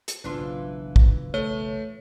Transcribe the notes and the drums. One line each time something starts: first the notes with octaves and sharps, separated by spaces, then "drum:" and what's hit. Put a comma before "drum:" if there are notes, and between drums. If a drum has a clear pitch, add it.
drum: hi-hat
F#1 B1 A2 E3 D4 F4
drum: kick
A3 C#5